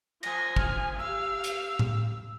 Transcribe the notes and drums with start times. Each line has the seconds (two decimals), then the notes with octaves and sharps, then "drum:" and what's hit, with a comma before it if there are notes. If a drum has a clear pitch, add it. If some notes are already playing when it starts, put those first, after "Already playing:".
0.23 F3 G#5 A#6, drum: cymbal
0.56 F6, drum: kick
0.99 G4 F5 E6
1.44 drum: hi-hat
1.79 drum: tom A2